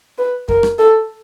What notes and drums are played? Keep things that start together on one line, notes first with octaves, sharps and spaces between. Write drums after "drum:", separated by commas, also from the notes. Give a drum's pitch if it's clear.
B4
A#4, drum: kick F2
drum: rim click
A4